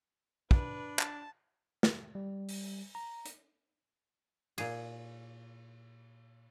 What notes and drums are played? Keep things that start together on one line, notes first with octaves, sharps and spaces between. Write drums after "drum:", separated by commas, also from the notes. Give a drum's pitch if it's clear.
D4 B4, drum: kick
A5, drum: clap
drum: snare
G3
drum: open hi-hat
A#5
drum: hi-hat
A#2 G#4, drum: cymbal